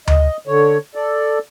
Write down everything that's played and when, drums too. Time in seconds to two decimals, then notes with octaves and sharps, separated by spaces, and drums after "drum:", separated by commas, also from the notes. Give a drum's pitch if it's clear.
0.07 D#5, drum: tom D2
0.47 D3 C#5
0.95 A4 D5